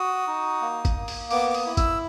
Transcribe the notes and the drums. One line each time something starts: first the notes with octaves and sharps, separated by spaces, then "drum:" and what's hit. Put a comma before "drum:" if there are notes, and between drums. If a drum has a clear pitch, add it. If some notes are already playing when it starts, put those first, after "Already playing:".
Already playing: F#4 D#6
D#4
A#3
drum: kick G#1, hi-hat
A#3
drum: open hi-hat
B3 D6, drum: open hi-hat
D6
D#6, drum: open hi-hat
E4
E6, drum: kick G#1, hi-hat